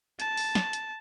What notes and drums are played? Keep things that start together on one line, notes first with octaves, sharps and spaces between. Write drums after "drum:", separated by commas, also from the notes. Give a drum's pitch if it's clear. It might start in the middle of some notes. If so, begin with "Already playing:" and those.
A5, drum: hi-hat
drum: open hi-hat
drum: snare
drum: hi-hat